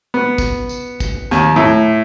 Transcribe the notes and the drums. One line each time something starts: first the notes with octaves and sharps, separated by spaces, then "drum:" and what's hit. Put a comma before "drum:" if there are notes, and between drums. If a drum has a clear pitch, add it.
B3
drum: kick, tambourine
drum: tambourine
drum: kick, tambourine
D#2, drum: snare
A2